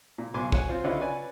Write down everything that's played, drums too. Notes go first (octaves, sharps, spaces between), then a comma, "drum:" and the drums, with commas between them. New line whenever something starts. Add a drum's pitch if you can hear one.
A#2
B1 G#2 G#5 C6 D6
F#4 C#5 F#5 G#5, drum: kick
C4 F4 C5
D3 C#4 E4 F4 B4 D#5
C#4 B4 D5 G#5